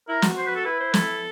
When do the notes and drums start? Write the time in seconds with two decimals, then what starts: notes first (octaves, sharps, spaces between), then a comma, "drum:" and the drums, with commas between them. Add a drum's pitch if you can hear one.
0.08 E4 A#4
0.22 F#4, drum: snare
0.37 C5
0.46 B4
0.56 A4
0.65 E4 B4
0.80 C5
0.94 A4, drum: snare